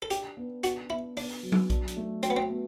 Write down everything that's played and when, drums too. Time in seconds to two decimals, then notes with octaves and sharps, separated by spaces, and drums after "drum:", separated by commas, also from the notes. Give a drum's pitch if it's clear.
0.02 A4
0.10 D4 G4, drum: hi-hat
0.37 B3
0.63 D4 F#4, drum: hi-hat
0.90 B3 E4
1.16 B3 D4, drum: open hi-hat
1.43 F#3
1.52 drum: tom F#3
1.70 D4, drum: kick A#1, hi-hat
1.87 drum: hi-hat
1.97 A3
2.23 C4 F#4, drum: hi-hat
2.30 B3
2.37 C4
2.49 B3